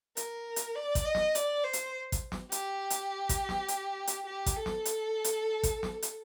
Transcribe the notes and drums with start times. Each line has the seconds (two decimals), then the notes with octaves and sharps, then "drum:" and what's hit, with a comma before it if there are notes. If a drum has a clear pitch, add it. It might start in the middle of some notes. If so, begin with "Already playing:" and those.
0.17 A#4, drum: hi-hat
0.56 drum: hi-hat
0.76 D5
0.95 drum: kick A1, hi-hat
1.05 D#5
1.15 drum: snare
1.35 D5, drum: hi-hat
1.64 C5
1.73 drum: hi-hat
2.12 drum: kick A1, hi-hat
2.32 drum: snare
2.52 G4, drum: hi-hat
2.90 drum: hi-hat
3.29 drum: kick A1, hi-hat
3.49 drum: snare
3.68 drum: hi-hat
4.07 drum: hi-hat
4.26 G4
4.46 drum: kick A1, hi-hat
4.56 A4
4.66 drum: snare
4.85 drum: hi-hat
5.24 drum: hi-hat
5.63 drum: kick A1, hi-hat
5.83 drum: snare
6.02 drum: hi-hat